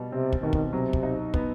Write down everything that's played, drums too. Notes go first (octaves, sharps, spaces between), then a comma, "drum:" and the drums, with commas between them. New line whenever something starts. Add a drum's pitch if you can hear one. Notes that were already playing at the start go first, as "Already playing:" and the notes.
Already playing: B2 G3
C3 C4
drum: kick
B2 D#3
drum: kick
C3 F#3
drum: kick
D#4
B3, drum: kick